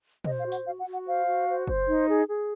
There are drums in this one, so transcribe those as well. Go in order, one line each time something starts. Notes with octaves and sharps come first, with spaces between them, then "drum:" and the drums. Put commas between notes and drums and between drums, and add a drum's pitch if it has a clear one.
C5 D#5, drum: tom
F5
F#4
F#5, drum: tambourine
F#4 F5
F#5
F#4
F#5
C5 F5
F#4
C5
C5, drum: kick F#1
D#4
G#4
G#4